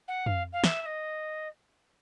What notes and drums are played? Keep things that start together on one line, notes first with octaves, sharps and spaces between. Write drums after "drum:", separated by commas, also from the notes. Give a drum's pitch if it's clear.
F#5
F5, drum: tom F2
F5
E5, drum: snare
E5
D#5